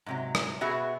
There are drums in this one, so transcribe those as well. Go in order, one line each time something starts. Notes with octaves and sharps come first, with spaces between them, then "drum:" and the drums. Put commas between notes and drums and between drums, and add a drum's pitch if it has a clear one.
G#2 C3 F#3
drum: rim click
B2 B3 F#4 G#4 E5